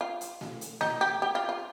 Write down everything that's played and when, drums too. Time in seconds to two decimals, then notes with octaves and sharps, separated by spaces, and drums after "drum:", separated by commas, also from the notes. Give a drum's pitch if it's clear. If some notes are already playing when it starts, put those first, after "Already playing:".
0.01 F4
0.21 drum: hi-hat
0.41 drum: snare A3
0.61 drum: hi-hat
0.81 D#4, drum: snare A3
1.01 G4
1.22 G4
1.35 F4
1.49 F4